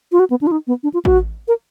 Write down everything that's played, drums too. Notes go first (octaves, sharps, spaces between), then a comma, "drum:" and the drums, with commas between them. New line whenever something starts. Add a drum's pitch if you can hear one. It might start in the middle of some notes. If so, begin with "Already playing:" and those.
F4
F#4
B3
D4
F4
D#4
B3
D4
F4
F#4, drum: kick
A#4